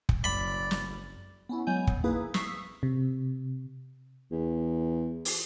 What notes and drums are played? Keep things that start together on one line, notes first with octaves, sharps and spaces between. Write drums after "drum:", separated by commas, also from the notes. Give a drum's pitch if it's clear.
drum: kick
F#1 D5 B5
drum: snare
B3 C#4 E4
F#3 G#3 B3 G#5 G6
G1 E2, drum: kick
A#3 D#4 E4 G#4 B4
C#6 D#6 E6 B6 C7, drum: snare
C3
E2
drum: open hi-hat